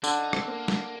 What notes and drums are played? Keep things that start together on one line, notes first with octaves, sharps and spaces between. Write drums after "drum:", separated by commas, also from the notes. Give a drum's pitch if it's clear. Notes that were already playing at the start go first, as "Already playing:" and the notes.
D3 D4, drum: tambourine
D#4
C4, drum: rim click
A#3
drum: snare